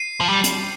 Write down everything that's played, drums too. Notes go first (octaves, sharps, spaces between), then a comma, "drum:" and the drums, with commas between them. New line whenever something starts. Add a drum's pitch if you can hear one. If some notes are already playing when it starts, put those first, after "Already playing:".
Already playing: C7 D#7
F3
G3
drum: hi-hat